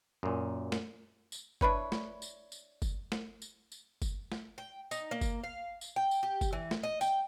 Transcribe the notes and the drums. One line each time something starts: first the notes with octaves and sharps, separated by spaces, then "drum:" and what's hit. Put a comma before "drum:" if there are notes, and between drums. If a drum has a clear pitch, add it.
F#2 A#2
drum: snare
drum: tambourine
D4 E4 B4 C#5, drum: kick F#1
drum: snare
drum: tambourine
drum: tambourine
drum: kick F#1, tambourine
drum: snare
drum: tambourine
drum: tambourine
drum: kick F#1, tambourine
drum: snare
G5
D#4, drum: tambourine
A#3
drum: kick F#1, tambourine
F5
drum: tambourine
G5
drum: tambourine
G4
drum: kick F#1, tambourine
E3
drum: snare
D#5
G5, drum: tambourine